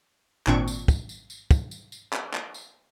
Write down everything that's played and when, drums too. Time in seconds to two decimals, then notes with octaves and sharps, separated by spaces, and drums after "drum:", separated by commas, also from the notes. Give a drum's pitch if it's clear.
0.47 G#1 A#2 C4 D4 C#6 D7, drum: clap
0.68 drum: tambourine
0.88 drum: kick, tambourine
1.09 drum: tambourine
1.30 drum: tambourine
1.51 drum: kick, tambourine
1.71 drum: tambourine
1.92 drum: tambourine
2.13 drum: clap
2.34 drum: clap
2.54 drum: tambourine